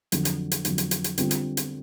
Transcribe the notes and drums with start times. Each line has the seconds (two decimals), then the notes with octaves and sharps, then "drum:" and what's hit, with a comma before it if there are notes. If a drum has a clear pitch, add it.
0.12 F2 D3 F#3, drum: hi-hat
0.25 drum: hi-hat
0.51 drum: hi-hat
0.65 F2 D3 F#3, drum: hi-hat
0.78 drum: hi-hat
0.91 drum: hi-hat
1.04 drum: hi-hat
1.18 D3 G3 C4 F4, drum: hi-hat
1.31 drum: hi-hat
1.57 drum: hi-hat